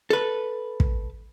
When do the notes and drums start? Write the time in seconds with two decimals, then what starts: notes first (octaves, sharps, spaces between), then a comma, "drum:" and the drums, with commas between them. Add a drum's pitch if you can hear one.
0.10 A4 B4
0.80 drum: kick